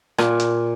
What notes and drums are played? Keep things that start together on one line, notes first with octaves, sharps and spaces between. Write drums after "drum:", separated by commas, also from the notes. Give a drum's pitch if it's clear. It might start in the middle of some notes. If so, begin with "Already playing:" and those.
A#2, drum: rim click
drum: hi-hat